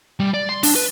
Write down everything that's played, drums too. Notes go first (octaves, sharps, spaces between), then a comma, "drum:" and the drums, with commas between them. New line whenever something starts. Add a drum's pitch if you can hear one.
G3
D5
C6
D4, drum: open hi-hat
B4